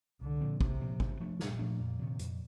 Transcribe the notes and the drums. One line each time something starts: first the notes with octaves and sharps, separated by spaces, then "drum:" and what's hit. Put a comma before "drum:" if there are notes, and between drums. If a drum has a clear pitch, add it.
C2 D3
A#2 F3 C4
C2 C3, drum: kick
A#2 F3 C4
G2, drum: kick
F3 A3 D4
G2 A#2, drum: snare
F3 A3 D4
F2
C3 D#3
F2, drum: hi-hat